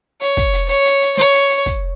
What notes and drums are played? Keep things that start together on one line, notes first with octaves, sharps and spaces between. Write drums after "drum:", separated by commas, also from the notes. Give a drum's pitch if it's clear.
C#5, drum: hi-hat
drum: kick, hi-hat
drum: hi-hat
C#5, drum: hi-hat
drum: hi-hat
drum: hi-hat
C#5, drum: snare
drum: hi-hat
drum: hi-hat
drum: kick, hi-hat